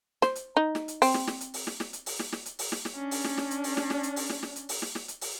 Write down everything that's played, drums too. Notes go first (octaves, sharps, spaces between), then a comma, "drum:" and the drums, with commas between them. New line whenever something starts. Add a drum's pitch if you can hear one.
C5, drum: snare
drum: hi-hat
D#4
drum: snare
drum: hi-hat
C4, drum: open hi-hat
drum: snare
drum: snare
drum: hi-hat
drum: open hi-hat
drum: snare
drum: snare
drum: hi-hat
drum: open hi-hat
drum: snare
drum: snare
drum: hi-hat
drum: open hi-hat
drum: snare
drum: snare
C#4 D4
drum: open hi-hat
drum: snare
drum: snare
drum: hi-hat
drum: open hi-hat
drum: snare
drum: snare
drum: hi-hat
drum: open hi-hat
drum: snare
drum: snare
drum: hi-hat
drum: open hi-hat
drum: snare
drum: snare
drum: hi-hat
drum: open hi-hat